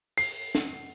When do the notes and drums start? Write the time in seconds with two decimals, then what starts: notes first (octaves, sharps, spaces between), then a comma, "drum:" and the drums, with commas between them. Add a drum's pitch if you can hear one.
0.18 C7, drum: open hi-hat
0.55 drum: snare